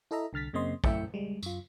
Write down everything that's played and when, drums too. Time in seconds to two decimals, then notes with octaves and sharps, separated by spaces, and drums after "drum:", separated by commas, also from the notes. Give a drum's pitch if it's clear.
0.11 E4 A4 D#5 E5 A#5
0.33 C2 D3 F6 A6 B6
0.53 F#2 C#3 A#3 C4 D#5 C6
0.84 F#2 A3 E4 E5 G5 C#7, drum: kick
1.14 G3 G#3
1.43 F#2 F4, drum: tambourine